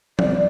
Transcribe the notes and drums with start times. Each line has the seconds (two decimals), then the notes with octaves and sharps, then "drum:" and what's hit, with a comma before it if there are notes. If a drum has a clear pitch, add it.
0.19 D5, drum: tom E3